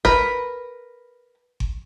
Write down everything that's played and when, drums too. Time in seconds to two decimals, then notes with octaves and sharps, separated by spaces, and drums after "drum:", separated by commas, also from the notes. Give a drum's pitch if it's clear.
0.05 A#4 B4, drum: kick G1
1.60 drum: kick G1